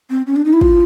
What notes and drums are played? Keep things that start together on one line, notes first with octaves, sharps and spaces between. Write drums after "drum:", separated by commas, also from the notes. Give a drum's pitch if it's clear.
C4
C#4
D4
D#4
E4
F4, drum: kick